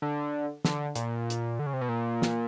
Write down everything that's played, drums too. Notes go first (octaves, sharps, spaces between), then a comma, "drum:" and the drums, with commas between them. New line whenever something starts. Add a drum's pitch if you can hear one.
D3
D3, drum: snare
A#2, drum: hi-hat
drum: hi-hat
D3
C#3
C3
B2
A#2
drum: snare